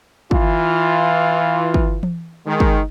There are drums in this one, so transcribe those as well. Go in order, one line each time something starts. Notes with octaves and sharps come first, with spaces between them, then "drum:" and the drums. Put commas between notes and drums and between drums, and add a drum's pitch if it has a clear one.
E3 F4, drum: kick
drum: kick
drum: tom E3
D#3 G#3
drum: kick